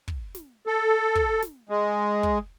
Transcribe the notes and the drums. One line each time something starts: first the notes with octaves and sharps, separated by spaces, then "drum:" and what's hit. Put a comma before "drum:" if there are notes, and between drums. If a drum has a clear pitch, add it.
drum: kick
drum: snare
A4
drum: kick
drum: snare
G#3
drum: kick